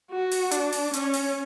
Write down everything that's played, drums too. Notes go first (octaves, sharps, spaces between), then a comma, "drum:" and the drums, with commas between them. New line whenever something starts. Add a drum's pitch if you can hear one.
F#4
drum: open hi-hat
D4, drum: hi-hat
drum: open hi-hat
C#4, drum: hi-hat
drum: open hi-hat